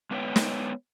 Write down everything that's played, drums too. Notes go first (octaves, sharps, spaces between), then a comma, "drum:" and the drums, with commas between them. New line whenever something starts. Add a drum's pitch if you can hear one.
G#3 B3 B4 C#5 E5 G5
drum: snare